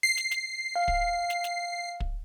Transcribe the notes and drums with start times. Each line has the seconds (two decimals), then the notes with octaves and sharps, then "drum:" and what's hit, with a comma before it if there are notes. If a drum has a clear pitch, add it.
0.03 C7
0.17 drum: snare
0.31 drum: snare
0.76 F5
0.88 drum: kick
1.30 drum: snare
1.44 drum: snare
2.00 drum: kick